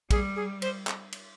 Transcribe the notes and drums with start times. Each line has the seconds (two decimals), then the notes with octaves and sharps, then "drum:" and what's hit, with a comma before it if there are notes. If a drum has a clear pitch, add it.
0.11 G3 G#4, drum: kick, cymbal
0.36 G#4
0.62 C5, drum: cymbal
0.87 drum: clap
1.12 drum: cymbal